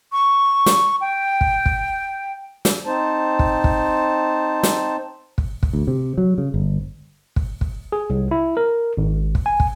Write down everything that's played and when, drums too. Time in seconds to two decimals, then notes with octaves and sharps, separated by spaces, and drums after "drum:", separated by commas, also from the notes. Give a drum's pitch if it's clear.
0.12 C#6
0.66 drum: snare
1.01 G5
1.41 drum: kick
1.66 drum: kick
2.65 drum: snare
2.85 C4 D#4 C5 A5
3.39 drum: kick
3.64 drum: kick
4.63 drum: snare
5.38 drum: kick
5.63 drum: kick
5.73 D2
5.87 C3
6.18 F#3
6.38 C#3
6.54 G1
7.36 drum: kick
7.61 drum: kick
7.92 G#4
8.10 C2
8.31 E4
8.57 A#4
8.97 G#1
9.35 drum: kick
9.46 G#5
9.60 drum: kick